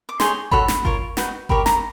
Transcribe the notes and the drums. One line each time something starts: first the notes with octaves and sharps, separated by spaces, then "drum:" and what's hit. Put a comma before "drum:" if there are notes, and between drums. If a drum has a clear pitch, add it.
D6
D#4 G#4 C#5 C6, drum: snare
F#4 A4 C#5 B5, drum: kick G1
drum: snare
F4 A#4 C#5, drum: kick G1
D#4 F#4 B4, drum: snare
G4 A#4 C#5 B5, drum: kick G1
A#5, drum: snare